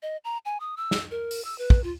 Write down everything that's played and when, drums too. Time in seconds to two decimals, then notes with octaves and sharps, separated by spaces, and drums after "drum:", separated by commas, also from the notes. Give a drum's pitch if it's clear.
0.02 D#5
0.24 A#5
0.45 G#5
0.60 D#6
0.77 E6
0.91 drum: snare
1.11 A#4
1.31 drum: open hi-hat
1.45 E6
1.58 B4
1.70 drum: kick
1.84 F4